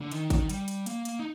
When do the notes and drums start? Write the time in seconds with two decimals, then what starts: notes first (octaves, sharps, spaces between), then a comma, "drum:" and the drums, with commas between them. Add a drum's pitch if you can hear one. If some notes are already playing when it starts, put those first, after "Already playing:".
0.01 D3
0.11 D#3, drum: hi-hat
0.30 drum: kick G#1, hi-hat
0.49 G3, drum: hi-hat
0.68 drum: hi-hat
0.86 A#3, drum: hi-hat
1.05 drum: hi-hat
1.19 D#4